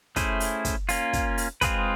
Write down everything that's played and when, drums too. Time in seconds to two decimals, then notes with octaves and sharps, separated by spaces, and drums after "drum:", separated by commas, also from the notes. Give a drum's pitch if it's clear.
0.16 A3 C#4 E4 G#4 C5, drum: kick, hi-hat
0.40 drum: open hi-hat
0.65 drum: kick, hi-hat
0.89 A#3 C#4 F4, drum: open hi-hat
1.13 drum: kick, hi-hat
1.38 drum: open hi-hat
1.61 G#3 C4 F4 G#4 B4, drum: kick, hi-hat